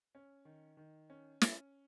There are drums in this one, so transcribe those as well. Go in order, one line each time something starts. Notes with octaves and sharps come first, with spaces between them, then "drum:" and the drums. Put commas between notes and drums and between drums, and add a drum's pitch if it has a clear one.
C#4
D#3
D#3
C#4
C#4, drum: snare